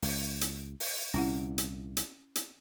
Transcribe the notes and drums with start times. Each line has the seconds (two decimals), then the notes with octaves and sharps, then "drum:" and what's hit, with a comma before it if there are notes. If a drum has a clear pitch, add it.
0.02 C#2, drum: open hi-hat
0.41 drum: hi-hat
0.80 drum: open hi-hat
1.14 C2 A#2 C#4 E4 F#5
1.58 drum: hi-hat
1.97 drum: hi-hat
2.35 drum: hi-hat